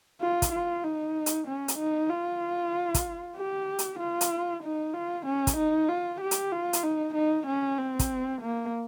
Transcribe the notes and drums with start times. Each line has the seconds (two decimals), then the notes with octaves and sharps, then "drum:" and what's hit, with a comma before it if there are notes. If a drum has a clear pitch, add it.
0.21 F4
0.42 drum: kick, hi-hat
0.52 F4
0.84 D#4
1.26 drum: hi-hat
1.47 C#4
1.68 drum: hi-hat
1.78 D#4
2.10 F4
2.94 drum: kick, hi-hat
3.37 G4
3.79 drum: hi-hat
3.99 F4
4.21 drum: hi-hat
4.63 D#4
4.94 F4
5.26 C#4
5.47 drum: kick, hi-hat
5.57 D#4
5.89 F4
6.21 G4
6.31 drum: hi-hat
6.52 F4
6.73 drum: hi-hat
6.83 D#4
7.15 D#4
7.47 C#4
7.78 C4
7.99 drum: kick, hi-hat
8.41 A#3